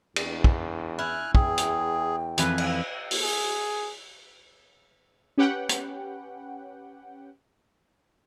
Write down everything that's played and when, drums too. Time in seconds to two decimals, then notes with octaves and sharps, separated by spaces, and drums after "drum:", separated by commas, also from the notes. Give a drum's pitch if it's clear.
0.16 E2, drum: cymbal
0.44 drum: kick
0.99 E4 G#5 F6 F#6
1.35 E2 G#4 G5, drum: kick
1.58 drum: hi-hat
2.38 F2 E3 B4 G#5, drum: hi-hat
2.58 drum: cymbal
3.11 drum: open hi-hat
3.23 G#4
5.38 C#4 G4 B4 F#5 G5
5.69 drum: hi-hat